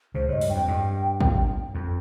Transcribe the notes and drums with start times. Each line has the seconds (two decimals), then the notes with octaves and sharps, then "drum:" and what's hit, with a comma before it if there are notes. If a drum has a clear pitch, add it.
0.14 C#2 C#3 C5
0.28 G2 C#5
0.33 D#5
0.41 G2, drum: open hi-hat
0.50 F2 G5
0.68 G2
1.21 drum: kick A1
1.75 F2